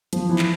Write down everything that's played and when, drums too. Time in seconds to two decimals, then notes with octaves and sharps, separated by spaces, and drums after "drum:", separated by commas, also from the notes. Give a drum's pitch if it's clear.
0.13 F3, drum: hi-hat
0.29 E3
0.39 drum: clap